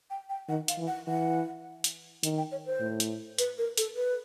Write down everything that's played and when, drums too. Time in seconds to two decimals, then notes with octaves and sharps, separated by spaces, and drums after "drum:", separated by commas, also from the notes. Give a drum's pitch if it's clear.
0.10 G5
0.29 G5
0.49 D#3 F#5
0.68 F5, drum: hi-hat
0.78 E3
0.87 F#5
1.07 E3 F#5
1.84 drum: hi-hat
2.23 D#3, drum: hi-hat
2.38 G5
2.52 C#5
2.66 C5
2.80 A2
3.00 drum: hi-hat
3.38 B4, drum: hi-hat
3.58 A#4
3.78 A4, drum: hi-hat
3.96 B4